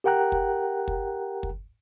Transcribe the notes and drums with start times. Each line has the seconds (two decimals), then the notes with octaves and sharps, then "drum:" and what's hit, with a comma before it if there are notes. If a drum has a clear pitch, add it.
0.04 G4 A#4 F#5 G5 A#5 F#6
0.32 drum: kick
0.88 drum: kick
1.43 drum: kick